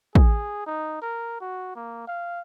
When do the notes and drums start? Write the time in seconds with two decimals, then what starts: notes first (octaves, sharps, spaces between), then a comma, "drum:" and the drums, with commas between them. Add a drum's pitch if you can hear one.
0.15 G#4, drum: kick
0.66 D#4
1.02 A#4
1.41 F#4
1.76 A#3
2.08 F5